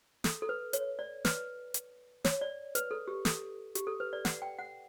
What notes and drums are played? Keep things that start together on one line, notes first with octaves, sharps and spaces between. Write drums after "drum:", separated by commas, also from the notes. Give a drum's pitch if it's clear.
A4, drum: snare
A4
B4
C#5, drum: hi-hat
D5
B4, drum: snare
drum: hi-hat
C#5, drum: snare
D5
B4, drum: hi-hat
A4
G4
A4, drum: snare
G4, drum: hi-hat
A4
B4
D5
F#5, drum: snare
G5
F#5